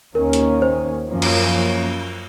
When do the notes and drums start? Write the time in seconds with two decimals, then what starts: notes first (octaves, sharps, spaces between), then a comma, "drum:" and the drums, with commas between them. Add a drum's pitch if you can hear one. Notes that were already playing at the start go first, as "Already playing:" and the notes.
0.15 D#2 D#3 A#3 C#4 A#4
0.33 drum: hi-hat
0.62 C5
1.08 F#2 F3 A#3 C#4
1.22 drum: cymbal